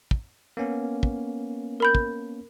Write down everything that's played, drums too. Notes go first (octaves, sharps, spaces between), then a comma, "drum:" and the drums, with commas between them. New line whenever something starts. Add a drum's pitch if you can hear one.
drum: kick
A#3 B3 C#4
drum: kick
A#4 B5 G6
drum: kick